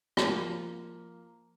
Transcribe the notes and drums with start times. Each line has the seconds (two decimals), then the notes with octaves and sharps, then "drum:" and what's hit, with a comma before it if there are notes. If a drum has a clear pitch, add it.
0.17 G#3, drum: rim click
0.22 F3 A#3